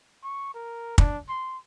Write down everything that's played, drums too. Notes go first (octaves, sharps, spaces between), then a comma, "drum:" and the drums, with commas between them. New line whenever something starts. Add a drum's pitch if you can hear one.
C#6
A#4
D4, drum: kick
C6